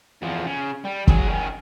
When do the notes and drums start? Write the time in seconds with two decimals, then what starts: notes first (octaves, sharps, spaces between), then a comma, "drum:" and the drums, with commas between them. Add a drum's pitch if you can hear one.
0.22 E2 F3
0.46 C#3
0.85 G3
1.07 F#3 G#4, drum: kick
1.29 D#3 C#4